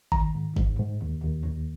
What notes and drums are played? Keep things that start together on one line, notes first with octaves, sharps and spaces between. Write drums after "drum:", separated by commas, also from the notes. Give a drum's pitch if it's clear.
D#3 A#5, drum: kick G#1
G#2
G#2, drum: kick G#1
G#2
D#2
D#2
D#2